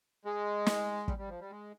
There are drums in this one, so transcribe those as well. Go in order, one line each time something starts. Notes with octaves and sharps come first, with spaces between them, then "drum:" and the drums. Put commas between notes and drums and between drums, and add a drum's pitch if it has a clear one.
G#3
drum: snare
G3, drum: kick
G3
F3
G3
G#3